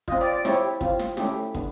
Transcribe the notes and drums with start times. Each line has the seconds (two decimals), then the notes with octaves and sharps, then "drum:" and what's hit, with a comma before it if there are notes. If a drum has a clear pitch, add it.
0.08 C4 F4 D#5, drum: kick
0.21 D5
0.33 D5
0.45 C4 E4 G4 C#5, drum: snare
0.81 C4 F4, drum: kick
0.99 drum: snare
1.17 A3 C#4 E4 G4, drum: snare
1.55 B3 D4, drum: kick